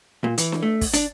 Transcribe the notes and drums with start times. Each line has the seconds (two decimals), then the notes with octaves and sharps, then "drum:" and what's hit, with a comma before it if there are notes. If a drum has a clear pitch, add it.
0.24 A#2
0.38 E3, drum: hi-hat
0.52 drum: snare D4
0.63 A3
0.81 drum: kick, open hi-hat
0.94 D4, drum: hi-hat